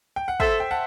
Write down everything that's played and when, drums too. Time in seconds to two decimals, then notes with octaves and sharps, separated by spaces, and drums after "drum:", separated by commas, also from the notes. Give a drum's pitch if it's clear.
0.16 G5
0.28 F#5
0.40 A4 C5 E5, drum: kick
0.60 G5
0.71 F#5 A5